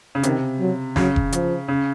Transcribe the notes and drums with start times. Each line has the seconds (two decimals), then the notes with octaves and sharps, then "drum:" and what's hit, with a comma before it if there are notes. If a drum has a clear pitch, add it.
0.15 C#3
0.23 C3 D#3, drum: hi-hat
0.60 F#3
0.96 C#3 F#3, drum: snare
1.16 drum: kick F1
1.32 F3, drum: hi-hat
1.68 C#3